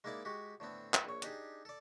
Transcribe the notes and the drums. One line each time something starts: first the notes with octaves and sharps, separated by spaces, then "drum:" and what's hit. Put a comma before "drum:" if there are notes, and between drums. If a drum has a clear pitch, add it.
G#3 A#3 D#4 E4 D5 D6
G#3 F#4 G4
A2 D3 B3 C4
drum: clap
A#1 C#5
D4 D#4 G4 G#4, drum: hi-hat
A4 D5